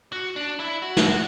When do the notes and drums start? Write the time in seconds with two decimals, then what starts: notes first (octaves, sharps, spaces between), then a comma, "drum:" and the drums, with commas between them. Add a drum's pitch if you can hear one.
0.12 F#4
0.36 D4
0.60 E4
0.82 F#4
0.97 drum: snare